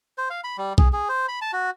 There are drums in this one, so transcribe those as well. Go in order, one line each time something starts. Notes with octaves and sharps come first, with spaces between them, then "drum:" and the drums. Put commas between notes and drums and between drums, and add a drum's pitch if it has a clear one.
C5
F5
B5
G3
G#4, drum: kick
G#4
C5
B5
A5
F#4